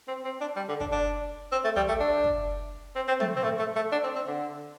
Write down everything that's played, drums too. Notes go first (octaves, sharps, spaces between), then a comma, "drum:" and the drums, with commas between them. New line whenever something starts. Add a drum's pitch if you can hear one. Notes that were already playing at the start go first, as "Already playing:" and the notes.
C4
C4
D4
G3
D3
D4, drum: kick
D4
C4
A3
G3, drum: tom
A3
D4
drum: kick
C4
C4
A3, drum: tom
C4
A3
A3
A3
D4
C4
C4
D3